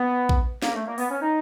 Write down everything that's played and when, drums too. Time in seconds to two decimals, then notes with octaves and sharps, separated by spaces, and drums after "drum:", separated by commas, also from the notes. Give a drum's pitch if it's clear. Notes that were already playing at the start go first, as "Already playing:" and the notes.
Already playing: B3
0.29 drum: kick A#1
0.62 A#3, drum: snare
0.74 A3
0.86 A#3
0.98 B3, drum: open hi-hat
1.09 C#4
1.21 D#4